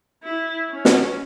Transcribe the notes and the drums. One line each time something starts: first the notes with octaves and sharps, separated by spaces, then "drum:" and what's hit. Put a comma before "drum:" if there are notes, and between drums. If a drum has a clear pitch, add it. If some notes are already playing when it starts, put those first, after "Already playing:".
E4
C#4
drum: snare